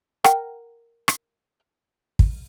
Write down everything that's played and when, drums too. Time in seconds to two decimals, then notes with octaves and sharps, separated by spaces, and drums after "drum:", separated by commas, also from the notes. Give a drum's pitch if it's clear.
0.24 A#4 F#5 G5, drum: rim click
1.08 drum: rim click
2.19 drum: kick